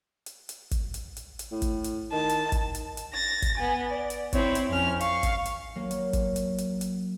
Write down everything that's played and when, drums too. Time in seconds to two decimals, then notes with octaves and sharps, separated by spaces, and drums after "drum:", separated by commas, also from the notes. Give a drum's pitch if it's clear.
0.26 drum: hi-hat
0.49 drum: hi-hat
0.71 drum: kick, hi-hat
0.94 drum: hi-hat
1.17 drum: hi-hat
1.39 drum: hi-hat
1.51 A2
1.62 drum: kick, hi-hat
1.84 drum: hi-hat
2.12 D#3 A5
2.29 drum: hi-hat
2.52 drum: kick, hi-hat
2.75 drum: hi-hat
2.97 drum: hi-hat
3.13 A6 A#6
3.42 drum: kick, hi-hat
3.58 B3 G#5
3.91 D5
4.10 drum: hi-hat
4.33 C4 E4 C#5, drum: kick, hi-hat
4.55 drum: hi-hat
4.69 F2 C#4 F6
5.01 F5 C#6, drum: hi-hat
5.23 drum: kick, hi-hat
5.46 drum: hi-hat
5.75 F#3 A#3
5.91 drum: hi-hat
6.13 drum: kick, hi-hat
6.36 drum: hi-hat
6.58 drum: hi-hat
6.81 drum: hi-hat